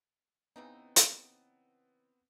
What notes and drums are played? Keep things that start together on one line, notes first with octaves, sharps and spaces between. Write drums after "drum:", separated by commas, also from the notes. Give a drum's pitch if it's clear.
C#3 E3 B3 C4 D#4
drum: hi-hat